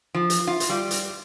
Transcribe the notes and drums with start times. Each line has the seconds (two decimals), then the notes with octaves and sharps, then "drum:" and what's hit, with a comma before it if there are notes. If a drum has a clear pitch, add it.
0.14 F3
0.30 drum: hi-hat
0.47 F4
0.60 drum: hi-hat
0.69 G3
0.91 drum: hi-hat